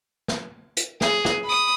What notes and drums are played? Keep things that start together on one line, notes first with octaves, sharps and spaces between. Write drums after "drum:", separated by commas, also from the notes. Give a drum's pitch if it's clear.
drum: snare
drum: hi-hat
G#4, drum: snare
drum: snare
B5 D#6